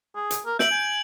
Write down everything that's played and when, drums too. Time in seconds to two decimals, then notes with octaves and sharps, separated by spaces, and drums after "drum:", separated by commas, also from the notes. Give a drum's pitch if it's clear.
0.16 G#4
0.31 drum: hi-hat
0.46 A#4
0.59 E5 G6 D7 F#7, drum: snare
0.71 G#5